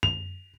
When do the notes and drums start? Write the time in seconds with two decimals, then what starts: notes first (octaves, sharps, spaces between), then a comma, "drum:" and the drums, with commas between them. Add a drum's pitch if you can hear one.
0.03 F7, drum: tom F#2